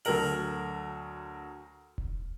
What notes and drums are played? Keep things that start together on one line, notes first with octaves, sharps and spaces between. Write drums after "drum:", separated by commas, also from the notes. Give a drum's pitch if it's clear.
D2 F#3 A4 A#4 F#7, drum: open hi-hat
drum: kick E1